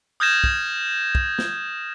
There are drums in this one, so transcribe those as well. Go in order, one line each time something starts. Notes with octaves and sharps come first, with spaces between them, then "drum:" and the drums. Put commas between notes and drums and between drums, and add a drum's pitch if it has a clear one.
D#6 F6 G6 G#6 A#6 E7
drum: kick
drum: kick
drum: snare